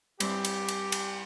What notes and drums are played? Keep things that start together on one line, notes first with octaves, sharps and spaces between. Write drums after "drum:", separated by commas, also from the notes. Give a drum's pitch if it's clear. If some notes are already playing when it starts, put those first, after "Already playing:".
G2 G3 C4 E4 G4, drum: cymbal
drum: cymbal
drum: cymbal
drum: cymbal